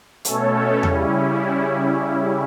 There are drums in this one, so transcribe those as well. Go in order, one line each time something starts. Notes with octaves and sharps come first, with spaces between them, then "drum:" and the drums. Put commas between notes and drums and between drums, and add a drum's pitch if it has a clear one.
B2 A3 C#4 A4 C#5, drum: hi-hat
C#3 G3 C#4 E4, drum: tom E2